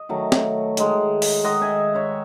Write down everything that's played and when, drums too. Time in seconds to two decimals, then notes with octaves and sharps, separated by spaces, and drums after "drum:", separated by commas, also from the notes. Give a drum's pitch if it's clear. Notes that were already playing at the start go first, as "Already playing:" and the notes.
Already playing: D#5
0.09 D#3 F#3 A3
0.32 drum: snare
0.77 D#3 G#3, drum: hi-hat
1.22 drum: open hi-hat
1.44 D#3 G#3 D#5 F#5
1.61 E5 G#5
1.95 C#5 E5